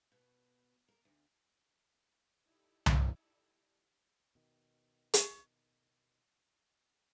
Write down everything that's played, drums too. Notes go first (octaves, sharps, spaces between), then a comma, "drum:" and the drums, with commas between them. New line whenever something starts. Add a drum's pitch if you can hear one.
B2
A#4
D2
D#4 E4 G4 A4 D5
drum: tom C2
B2 D#3
drum: hi-hat